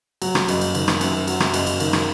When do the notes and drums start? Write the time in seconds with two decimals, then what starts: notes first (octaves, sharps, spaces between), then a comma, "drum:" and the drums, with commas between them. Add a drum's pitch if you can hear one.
0.22 F#3, drum: cymbal
0.35 drum: rim click
0.48 F#1, drum: cymbal
0.61 drum: cymbal
0.75 D#3, drum: cymbal
0.88 drum: rim click
1.01 F#2, drum: cymbal
1.27 F#3, drum: cymbal
1.40 drum: rim click
1.54 F#1, drum: cymbal
1.67 drum: cymbal
1.80 D#3, drum: cymbal
1.93 drum: rim click